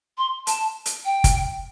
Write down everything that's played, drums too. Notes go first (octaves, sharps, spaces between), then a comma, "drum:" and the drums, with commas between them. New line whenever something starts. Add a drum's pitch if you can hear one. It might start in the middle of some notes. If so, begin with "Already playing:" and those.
C6
A5, drum: hi-hat
drum: hi-hat
G5
drum: kick, hi-hat